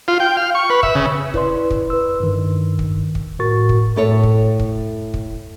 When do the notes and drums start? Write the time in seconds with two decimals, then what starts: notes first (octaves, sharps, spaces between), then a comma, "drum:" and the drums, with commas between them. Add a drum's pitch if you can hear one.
0.08 F4
0.20 G5
0.37 F5
0.55 C#6
0.70 B4
0.83 E5, drum: kick
0.95 C#3
1.34 E4 B4 D5 C6, drum: kick
1.71 drum: kick
1.90 B4 E6
2.20 G2 D#3
2.79 drum: kick
3.15 drum: kick
3.39 A2 F#4 A#4 C#6 A6
3.69 drum: kick
3.96 A2 A4 C#5
4.23 drum: kick
4.60 drum: kick
5.14 drum: kick